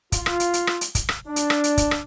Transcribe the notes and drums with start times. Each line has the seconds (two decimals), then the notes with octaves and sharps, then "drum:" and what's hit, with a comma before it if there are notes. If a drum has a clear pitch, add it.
0.12 F4, drum: kick, hi-hat
0.26 drum: rim click
0.40 drum: hi-hat
0.54 drum: hi-hat
0.67 drum: rim click
0.81 drum: hi-hat
0.95 drum: kick, hi-hat
1.09 drum: rim click
1.27 D4
1.36 drum: hi-hat
1.50 drum: rim click
1.64 drum: hi-hat
1.77 drum: kick, hi-hat
1.91 drum: rim click